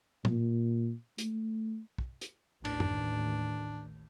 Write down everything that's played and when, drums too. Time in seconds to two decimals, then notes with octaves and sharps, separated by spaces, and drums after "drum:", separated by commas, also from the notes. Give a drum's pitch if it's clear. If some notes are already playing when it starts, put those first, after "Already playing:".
0.25 A#2, drum: tom
1.18 A3, drum: hi-hat
1.98 drum: kick
2.21 drum: hi-hat
2.65 A1 D#2 D4, drum: cymbal
2.80 drum: tom F#2